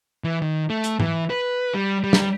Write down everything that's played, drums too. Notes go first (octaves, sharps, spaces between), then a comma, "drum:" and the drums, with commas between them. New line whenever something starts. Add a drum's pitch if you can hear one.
E3
D#3
A3
drum: hi-hat
E3, drum: tom G#2
B4
G3
G3
drum: snare